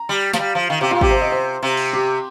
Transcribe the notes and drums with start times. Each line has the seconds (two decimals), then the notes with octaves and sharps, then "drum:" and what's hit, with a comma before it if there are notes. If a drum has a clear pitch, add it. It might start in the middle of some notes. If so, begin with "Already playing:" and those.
Already playing: A#5
0.09 G3
0.33 F3, drum: snare
0.39 G3
0.55 F3
0.70 D#3
0.81 C3 G4
0.91 A#2 F4
1.01 C3 G4, drum: kick
1.11 C5
1.22 D#5
1.32 C5
1.63 C3
1.77 drum: cymbal
1.93 G4